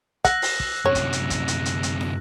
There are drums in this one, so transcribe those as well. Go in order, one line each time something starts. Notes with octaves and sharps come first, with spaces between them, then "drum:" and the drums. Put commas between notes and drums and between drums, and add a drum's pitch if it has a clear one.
F#5 E6 F#6 A#6, drum: kick, hi-hat
drum: open hi-hat
drum: kick
F#2 C3 C#5
drum: kick, hi-hat
drum: hi-hat
drum: kick, hi-hat
drum: hi-hat
drum: hi-hat
drum: hi-hat
drum: snare